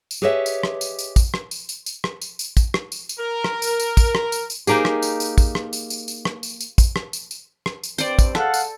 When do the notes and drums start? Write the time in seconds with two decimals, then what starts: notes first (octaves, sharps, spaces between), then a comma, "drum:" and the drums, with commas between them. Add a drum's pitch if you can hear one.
0.11 drum: tambourine
0.22 G4 G#4 B4 C#5 D#5 E5
0.46 drum: tambourine
0.63 drum: rim click
0.81 drum: tambourine
0.99 drum: tambourine
1.16 drum: kick, tambourine
1.34 drum: rim click
1.51 drum: tambourine
1.69 drum: tambourine
1.86 drum: tambourine
2.04 drum: rim click
2.22 drum: tambourine
2.39 drum: tambourine
2.57 drum: kick, tambourine
2.74 drum: rim click
2.92 drum: tambourine
3.09 drum: tambourine
3.19 A#4
3.44 drum: rim click
3.62 drum: tambourine
3.80 drum: tambourine
3.97 drum: kick, tambourine
4.15 drum: rim click
4.32 drum: tambourine
4.50 drum: tambourine
4.67 A#3 D#4 G4 G#4, drum: tambourine
4.85 drum: rim click
5.02 drum: tambourine
5.20 drum: tambourine
5.38 drum: kick, tambourine
5.55 drum: rim click
5.73 drum: tambourine
5.90 drum: tambourine
6.08 drum: tambourine
6.25 drum: rim click
6.43 drum: tambourine
6.61 drum: tambourine
6.78 drum: kick, tambourine
6.96 drum: rim click
7.13 drum: tambourine
7.31 drum: tambourine
7.66 drum: rim click
7.83 drum: tambourine
7.98 G2 C4 C5 D5, drum: tambourine
8.19 drum: kick, tambourine
8.35 G#4 A4 F5 F#5, drum: rim click
8.54 drum: tambourine